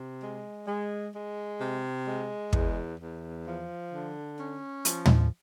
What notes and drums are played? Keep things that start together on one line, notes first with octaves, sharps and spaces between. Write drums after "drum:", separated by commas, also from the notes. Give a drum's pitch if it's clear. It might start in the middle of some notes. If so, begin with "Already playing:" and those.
Already playing: C3
G#3
G#3
G#3
C3
G#3
E2, drum: kick
E2
F3
D3
C#4
F3, drum: hi-hat
drum: tom